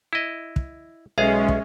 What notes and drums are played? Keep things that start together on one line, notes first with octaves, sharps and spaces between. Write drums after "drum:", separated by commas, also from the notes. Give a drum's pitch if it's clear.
E4 D#5
drum: kick
B1 G#3 C#4 G#4 E5 F5
drum: kick